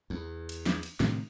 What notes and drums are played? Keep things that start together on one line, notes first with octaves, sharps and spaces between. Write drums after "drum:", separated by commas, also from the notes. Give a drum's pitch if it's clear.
E2
drum: cymbal
drum: snare
drum: cymbal
A2 C3 D#3, drum: snare